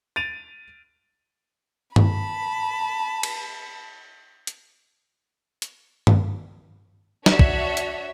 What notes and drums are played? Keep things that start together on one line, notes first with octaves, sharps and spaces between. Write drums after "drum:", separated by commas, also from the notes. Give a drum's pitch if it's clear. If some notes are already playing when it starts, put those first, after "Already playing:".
A6 D7 D#7 F7
A5 B5, drum: tom G2
drum: cymbal
drum: hi-hat
drum: hi-hat
drum: tom G2
D4 F#4 C#5 E5, drum: snare
drum: kick
drum: hi-hat